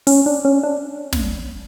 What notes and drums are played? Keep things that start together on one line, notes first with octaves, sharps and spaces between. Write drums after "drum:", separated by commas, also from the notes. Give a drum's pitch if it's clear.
C#4, drum: open hi-hat
D4
C#4
D4
drum: snare